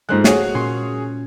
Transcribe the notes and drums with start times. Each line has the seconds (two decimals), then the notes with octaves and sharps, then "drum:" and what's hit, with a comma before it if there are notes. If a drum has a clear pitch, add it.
0.09 G#2 G#3 A3 F4 C5 F#6
0.24 F#4 G#4 C#5 F#6, drum: snare
0.54 A#2 C#4 C6